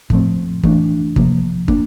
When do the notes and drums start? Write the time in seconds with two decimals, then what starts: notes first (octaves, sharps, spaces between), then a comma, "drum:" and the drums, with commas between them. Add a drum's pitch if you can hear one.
0.10 A2 F3 A3 C4, drum: kick
0.63 E3 A3 D4, drum: kick
1.16 C3 F3 A#3, drum: kick
1.68 A#3 D4, drum: kick